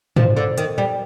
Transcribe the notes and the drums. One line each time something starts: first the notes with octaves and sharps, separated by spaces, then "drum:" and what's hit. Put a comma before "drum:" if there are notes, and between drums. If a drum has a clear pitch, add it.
F3, drum: tom
D3
D#3, drum: hi-hat
G3